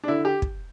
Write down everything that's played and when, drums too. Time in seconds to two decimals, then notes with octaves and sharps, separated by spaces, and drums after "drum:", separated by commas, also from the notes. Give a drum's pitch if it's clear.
0.04 D4
0.08 D3 E4
0.25 G4
0.42 drum: kick